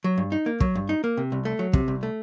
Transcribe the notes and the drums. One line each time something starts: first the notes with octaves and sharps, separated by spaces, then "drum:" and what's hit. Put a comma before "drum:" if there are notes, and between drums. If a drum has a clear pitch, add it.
F#3
G2
D#4
A#3
F#3, drum: kick
G2
D#4
A#3
C3
C2
A3
F#3
C3, drum: kick
C2
A3